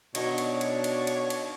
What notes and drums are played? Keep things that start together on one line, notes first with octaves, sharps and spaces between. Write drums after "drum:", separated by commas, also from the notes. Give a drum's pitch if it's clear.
B2 F#3 D4 D#4 C#5, drum: cymbal
drum: cymbal
drum: cymbal
drum: cymbal
drum: cymbal
drum: cymbal